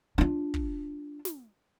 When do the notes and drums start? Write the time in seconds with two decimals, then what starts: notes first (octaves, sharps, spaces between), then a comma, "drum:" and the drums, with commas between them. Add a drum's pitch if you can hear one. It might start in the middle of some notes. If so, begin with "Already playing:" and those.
0.18 D4 F4
0.54 drum: kick
1.25 drum: snare